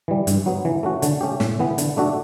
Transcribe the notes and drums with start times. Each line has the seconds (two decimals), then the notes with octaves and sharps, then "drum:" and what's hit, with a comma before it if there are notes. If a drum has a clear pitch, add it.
0.08 E3 G3
0.27 G2, drum: hi-hat
0.46 F#3 B3
0.65 E3
0.83 A3 C#4 F#4
1.02 D3, drum: hi-hat
1.21 A3 C#4 G4
1.40 A2, drum: snare
1.60 E3 B3
1.78 D3, drum: hi-hat
1.97 A3 D4 F#4 A4